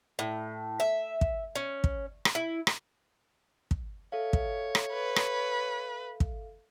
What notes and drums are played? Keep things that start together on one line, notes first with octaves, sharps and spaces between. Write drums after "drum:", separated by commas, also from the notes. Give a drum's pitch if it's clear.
A2
E5
drum: kick
C#4
drum: kick
drum: rim click
E4
drum: rim click
drum: kick
A4 C#5 E5 F5
drum: kick
drum: rim click
B4
drum: rim click
drum: kick